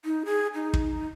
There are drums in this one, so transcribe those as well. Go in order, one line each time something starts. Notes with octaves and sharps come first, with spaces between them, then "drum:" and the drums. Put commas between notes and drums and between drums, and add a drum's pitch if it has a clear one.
D#4
G#4
D#4
drum: kick